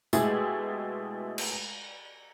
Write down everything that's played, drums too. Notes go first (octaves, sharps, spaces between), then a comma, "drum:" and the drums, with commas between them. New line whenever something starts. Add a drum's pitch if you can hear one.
B2 G#3 A3 E4 G4 G#4, drum: tambourine
drum: cymbal